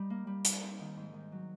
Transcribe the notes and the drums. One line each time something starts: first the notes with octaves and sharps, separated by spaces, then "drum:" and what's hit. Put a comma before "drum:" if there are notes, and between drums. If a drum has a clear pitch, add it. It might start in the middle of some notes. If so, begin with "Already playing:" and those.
Already playing: G3 D#4
A#3
G3
D4, drum: hi-hat
C4
D#3
G#2
D#3
F#3